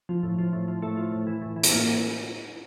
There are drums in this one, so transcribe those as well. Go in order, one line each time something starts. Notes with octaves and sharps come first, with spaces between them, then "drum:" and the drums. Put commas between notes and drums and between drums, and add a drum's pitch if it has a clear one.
F3
A2
F3
A2
F3
A2 A3
F3
A2
E3
A2
E3
A3, drum: hi-hat
A2 A#3